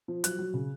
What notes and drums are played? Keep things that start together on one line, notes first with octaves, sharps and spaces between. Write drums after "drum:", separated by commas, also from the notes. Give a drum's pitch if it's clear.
F3
F#3 F#6, drum: hi-hat
F#3
C#3